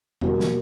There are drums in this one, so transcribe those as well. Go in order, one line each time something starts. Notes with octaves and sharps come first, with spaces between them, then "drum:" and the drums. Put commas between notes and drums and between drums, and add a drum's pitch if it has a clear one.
B2 G3 A#3, drum: tom E2
drum: snare